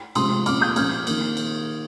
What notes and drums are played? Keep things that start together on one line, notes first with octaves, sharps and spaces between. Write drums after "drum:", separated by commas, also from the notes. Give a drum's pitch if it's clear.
C3 F3 G#3 C4 C6 D#6, drum: cymbal
A#2 F3 C4 D6 F6, drum: cymbal
D#6 G6
A#2 F3 C4 F6 G#6, drum: cymbal
D#3 A#3, drum: cymbal
drum: cymbal